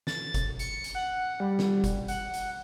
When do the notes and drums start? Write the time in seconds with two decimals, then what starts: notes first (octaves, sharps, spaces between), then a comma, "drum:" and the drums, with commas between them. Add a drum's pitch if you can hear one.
0.07 A6, drum: snare
0.34 drum: kick F#1, hi-hat
0.59 C#7, drum: hi-hat
0.84 drum: hi-hat
0.95 F#5
1.40 G3
1.59 drum: snare
1.84 drum: kick F#1, hi-hat
2.08 F#5, drum: hi-hat
2.34 drum: hi-hat